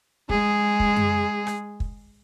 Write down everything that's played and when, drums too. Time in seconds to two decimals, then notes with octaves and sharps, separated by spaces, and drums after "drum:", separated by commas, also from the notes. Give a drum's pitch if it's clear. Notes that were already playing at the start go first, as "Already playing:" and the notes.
0.29 G#3 G#4, drum: kick
0.80 drum: kick
0.96 drum: tom F#2
1.47 drum: rim click
1.80 drum: kick